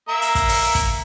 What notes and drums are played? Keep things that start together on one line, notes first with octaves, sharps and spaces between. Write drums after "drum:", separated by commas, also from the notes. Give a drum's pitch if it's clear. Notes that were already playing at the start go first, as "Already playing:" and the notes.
A#3 E5 A#5
drum: hi-hat
drum: kick, hi-hat
drum: open hi-hat
drum: hi-hat
drum: kick, hi-hat